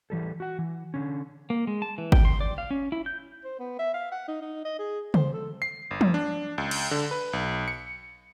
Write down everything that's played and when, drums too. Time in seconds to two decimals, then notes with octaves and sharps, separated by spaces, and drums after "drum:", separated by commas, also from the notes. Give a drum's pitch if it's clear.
0.10 E3 G3 A4
0.40 F#4 F#5
0.59 E3
0.94 D3 C#4
1.50 A#3
1.67 G#3
1.82 A5
1.98 E3
2.12 G5, drum: kick
2.25 C6
2.41 D5
2.58 F5
2.71 C#4
2.92 E4
3.06 G6
3.44 C5
3.60 B3
3.79 E5
3.94 F5
4.12 F#5
4.28 D#4
4.41 D#4
4.65 D#5
4.79 G#4
5.14 C5, drum: tom C#3
5.33 A4
5.62 C7
5.91 G1
6.01 drum: tom
6.14 D4
6.58 C#2
6.71 drum: cymbal
6.91 D3
7.11 B4
7.33 B1
7.68 C#7